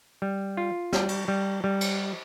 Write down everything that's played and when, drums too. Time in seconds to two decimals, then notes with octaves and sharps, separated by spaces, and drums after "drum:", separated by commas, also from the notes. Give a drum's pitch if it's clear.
0.22 G3
0.57 F4
0.93 G3, drum: snare
1.09 drum: cymbal
1.28 G3
1.64 G3
1.81 drum: cymbal